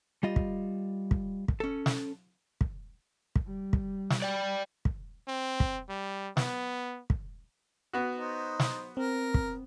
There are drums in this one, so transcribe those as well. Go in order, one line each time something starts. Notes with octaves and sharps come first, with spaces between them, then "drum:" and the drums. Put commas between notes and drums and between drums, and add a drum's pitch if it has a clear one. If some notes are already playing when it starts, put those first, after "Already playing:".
G3 F4 D#5
drum: kick
drum: kick
drum: kick
C#4 A4
drum: snare
drum: kick
drum: kick
G3
drum: kick
drum: snare
D5 G5
drum: kick
C4
drum: kick
G3
B3, drum: snare
drum: kick
B3 F#4
D#4 C5
drum: snare
C4 A#4
drum: kick